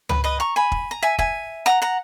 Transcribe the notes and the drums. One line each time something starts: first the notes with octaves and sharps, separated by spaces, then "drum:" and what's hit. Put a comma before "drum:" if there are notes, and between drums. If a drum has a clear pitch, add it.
B4, drum: tom C#2
B4 D#5
A#5 C#6
G#5 B5
drum: kick
A#5
E5 G#5
E5 G#5, drum: kick
F#5 A#5, drum: rim click
F#5 A#5